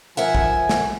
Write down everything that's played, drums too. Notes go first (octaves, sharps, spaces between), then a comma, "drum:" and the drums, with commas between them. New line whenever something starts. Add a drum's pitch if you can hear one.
F3 A#4 E5 F#5 G#5
drum: kick A#1
drum: snare